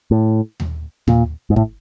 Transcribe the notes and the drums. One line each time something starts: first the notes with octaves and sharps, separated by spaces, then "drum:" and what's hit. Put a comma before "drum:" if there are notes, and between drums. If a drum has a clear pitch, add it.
A2
drum: tom D#2
A#2, drum: tom D#2
G#2
A2, drum: kick